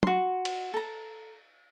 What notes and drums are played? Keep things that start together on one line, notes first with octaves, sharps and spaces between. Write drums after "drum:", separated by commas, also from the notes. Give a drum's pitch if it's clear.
F#4 C6, drum: tom
drum: cymbal
A4 A#5